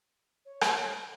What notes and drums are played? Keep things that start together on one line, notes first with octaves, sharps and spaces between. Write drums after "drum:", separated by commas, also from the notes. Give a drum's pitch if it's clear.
C#5
drum: rim click